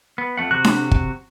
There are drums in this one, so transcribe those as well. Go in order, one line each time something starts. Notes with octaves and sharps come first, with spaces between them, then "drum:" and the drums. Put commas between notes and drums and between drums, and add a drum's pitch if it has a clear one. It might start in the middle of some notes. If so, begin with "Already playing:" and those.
B3
F2 A3 F#5
C3 F#4 F#6
drum: snare D4
drum: kick